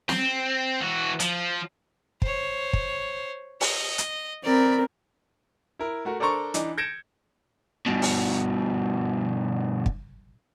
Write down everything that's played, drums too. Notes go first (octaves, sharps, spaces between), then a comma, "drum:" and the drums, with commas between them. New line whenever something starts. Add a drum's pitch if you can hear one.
C4, drum: snare
E3 F#4
F3, drum: hi-hat
C5 C#5, drum: kick
drum: kick
D#5, drum: open hi-hat
drum: hi-hat
C4 A#4 D5 B5
E4 A#4
A3 F#4 A#4
D4 A4 A#4 C5 A#5 C#6
E3 D4 D#4, drum: hi-hat
G6 G#6 A#6 C#7 D7 E7
G2 B2
drum: open hi-hat
drum: kick